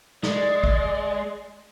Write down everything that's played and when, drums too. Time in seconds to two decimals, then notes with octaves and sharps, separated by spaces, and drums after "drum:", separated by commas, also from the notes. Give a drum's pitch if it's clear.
0.23 G#3 D5, drum: snare
0.64 drum: kick